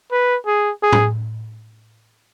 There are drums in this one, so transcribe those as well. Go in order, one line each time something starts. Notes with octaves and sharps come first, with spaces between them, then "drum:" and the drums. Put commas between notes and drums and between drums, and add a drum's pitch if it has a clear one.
B4
G#4
G#4
drum: tom A2